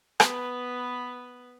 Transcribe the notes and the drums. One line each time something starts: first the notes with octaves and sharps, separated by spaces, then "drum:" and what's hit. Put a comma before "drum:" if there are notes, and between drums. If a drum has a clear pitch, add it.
B3 B4, drum: rim click